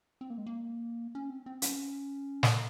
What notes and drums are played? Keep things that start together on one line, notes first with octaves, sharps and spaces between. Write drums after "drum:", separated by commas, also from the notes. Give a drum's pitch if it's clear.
C4
A#3
G#3
A#3
C#4
C4
C4
C#4, drum: hi-hat
drum: snare